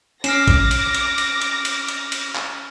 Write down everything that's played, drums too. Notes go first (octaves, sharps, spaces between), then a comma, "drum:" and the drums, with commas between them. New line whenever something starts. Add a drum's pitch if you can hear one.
C#4 D6 F6 A#6 C7 E7, drum: cymbal
drum: kick A1, cymbal
drum: cymbal
drum: cymbal
drum: cymbal
drum: cymbal
drum: cymbal
drum: cymbal
drum: cymbal
drum: clap